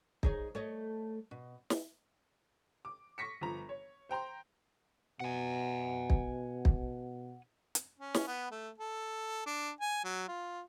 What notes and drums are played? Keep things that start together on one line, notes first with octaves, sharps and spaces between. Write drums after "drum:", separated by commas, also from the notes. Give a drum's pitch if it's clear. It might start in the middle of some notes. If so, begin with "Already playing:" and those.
D#4 G#4 C#5, drum: kick
A3 C#5 D#5
B2
drum: snare
D6
C#6 A#6 B6 C#7
G1 F3 A#5
C#5
C5 G5 A#5 C6
B2 F#5 G#5
drum: kick
drum: kick
drum: hi-hat
C#4
drum: snare
B3
A3
A4
D4
G#5
F#3
F4